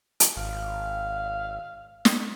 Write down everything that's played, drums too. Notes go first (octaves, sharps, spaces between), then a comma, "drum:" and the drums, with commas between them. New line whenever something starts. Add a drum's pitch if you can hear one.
drum: hi-hat
G#1 F5
drum: snare